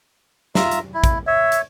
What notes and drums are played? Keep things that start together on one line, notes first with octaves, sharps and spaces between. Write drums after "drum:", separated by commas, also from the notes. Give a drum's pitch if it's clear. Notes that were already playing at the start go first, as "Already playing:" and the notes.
F4 E5 A#5, drum: snare
drum: hi-hat
E4
drum: kick, hi-hat
C#5 E5
drum: hi-hat